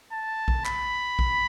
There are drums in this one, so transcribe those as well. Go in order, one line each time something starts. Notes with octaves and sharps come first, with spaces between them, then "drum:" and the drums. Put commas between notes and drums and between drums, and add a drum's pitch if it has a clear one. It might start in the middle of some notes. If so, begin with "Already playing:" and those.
A5
drum: kick A#1
B5, drum: clap
drum: kick A#1